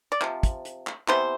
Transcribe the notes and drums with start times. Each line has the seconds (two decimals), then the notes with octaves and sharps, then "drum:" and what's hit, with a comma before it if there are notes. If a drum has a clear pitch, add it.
0.12 D5
0.21 C3 F3, drum: clap
0.43 drum: kick, hi-hat
0.65 drum: hi-hat
0.87 drum: clap
1.08 C3 E3 G3 B3 C5, drum: clap